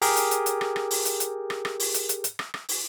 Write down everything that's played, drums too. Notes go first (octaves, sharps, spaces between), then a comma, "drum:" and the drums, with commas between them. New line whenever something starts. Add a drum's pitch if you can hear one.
G4 G#4 A#4, drum: open hi-hat
drum: hi-hat
drum: hi-hat
drum: hi-hat
drum: rim click
drum: rim click
drum: open hi-hat
drum: hi-hat
drum: hi-hat
drum: rim click
drum: rim click
drum: open hi-hat
drum: hi-hat
drum: hi-hat
drum: hi-hat
drum: rim click
drum: rim click
drum: open hi-hat